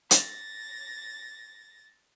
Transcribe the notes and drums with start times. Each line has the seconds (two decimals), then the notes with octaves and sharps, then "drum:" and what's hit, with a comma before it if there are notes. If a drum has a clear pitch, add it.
0.11 A6 A#6, drum: hi-hat